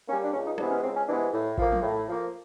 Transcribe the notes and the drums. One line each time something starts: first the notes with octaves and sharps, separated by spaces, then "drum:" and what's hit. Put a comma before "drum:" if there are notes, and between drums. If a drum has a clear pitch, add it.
G3 A#3 C#4
D4
C#2 C#4
D#4
C3 E3 G#3 B3 D4, drum: rim click
C#4
C#2 C4
C#4
C3 E3 G#3 B3 D4
A2
F3 A#3, drum: kick A1
drum: tom
A2
F3 A#3